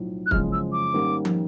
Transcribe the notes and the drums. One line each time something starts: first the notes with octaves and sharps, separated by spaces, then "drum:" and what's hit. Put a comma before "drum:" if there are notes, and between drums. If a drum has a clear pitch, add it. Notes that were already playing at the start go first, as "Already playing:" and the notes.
Already playing: B1 A2 F3
F#6
F#1 F2 C#3 F3 G#3 F6, drum: kick
E6
D6
G#2 D#3 G3 A#3 C#4
drum: tom